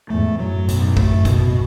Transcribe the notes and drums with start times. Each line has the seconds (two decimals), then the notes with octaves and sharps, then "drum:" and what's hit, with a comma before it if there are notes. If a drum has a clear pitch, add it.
0.10 E2 G#2 A3
0.39 F#2 A2 F#3
0.68 B1, drum: hi-hat
0.97 A3, drum: kick
1.25 B2, drum: kick, hi-hat